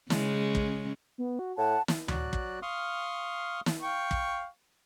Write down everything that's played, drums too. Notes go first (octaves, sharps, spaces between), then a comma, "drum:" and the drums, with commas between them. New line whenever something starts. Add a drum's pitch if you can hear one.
C#3 G#3 C#4, drum: snare
drum: kick
B3
F#4
A2 F#5 A5
drum: snare
F#3 F#4 D5 F#6, drum: tom D2
drum: kick
F5 C6 C#6 D#6 F6
drum: snare
F5 G5 C#6
drum: kick